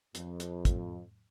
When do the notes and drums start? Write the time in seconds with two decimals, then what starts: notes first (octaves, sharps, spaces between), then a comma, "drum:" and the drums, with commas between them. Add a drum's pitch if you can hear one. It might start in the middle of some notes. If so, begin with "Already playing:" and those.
0.15 F2, drum: hi-hat
0.40 drum: hi-hat
0.65 drum: kick, hi-hat